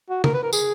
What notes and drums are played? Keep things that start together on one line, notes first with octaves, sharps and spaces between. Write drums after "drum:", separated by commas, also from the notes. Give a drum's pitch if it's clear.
F#4
A#4, drum: tom
B4
A#4
G#4, drum: tambourine